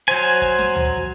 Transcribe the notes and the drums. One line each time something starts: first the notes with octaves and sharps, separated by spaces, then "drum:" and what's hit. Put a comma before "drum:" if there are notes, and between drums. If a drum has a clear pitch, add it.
F#3 C5 G#5
drum: kick
drum: snare
drum: tom